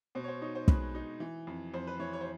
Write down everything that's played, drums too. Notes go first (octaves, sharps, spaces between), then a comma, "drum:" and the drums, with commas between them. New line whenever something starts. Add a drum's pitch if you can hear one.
B2 C5
C#5
C5
D#4 C#5
C5
G#3 B4, drum: kick
D#4
E3
F2
F2 C5
B4
E3 C#5
C#5
C5